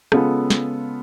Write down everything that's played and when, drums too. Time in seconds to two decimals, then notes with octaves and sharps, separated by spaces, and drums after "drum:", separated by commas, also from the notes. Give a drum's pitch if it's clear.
0.12 C#3 G#3 B3 F4 A4, drum: rim click
0.50 drum: snare